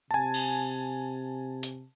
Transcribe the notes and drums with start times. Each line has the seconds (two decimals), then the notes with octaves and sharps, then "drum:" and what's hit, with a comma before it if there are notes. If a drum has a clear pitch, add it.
0.11 C3 G#5 A5
0.34 drum: cymbal
1.63 drum: hi-hat